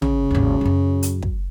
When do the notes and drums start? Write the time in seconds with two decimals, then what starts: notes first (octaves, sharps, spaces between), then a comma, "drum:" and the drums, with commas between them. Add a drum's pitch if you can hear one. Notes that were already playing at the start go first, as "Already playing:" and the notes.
0.02 C#3, drum: tom
0.31 G#1 D#2
0.61 F#2 F#3
1.03 drum: hi-hat
1.22 drum: kick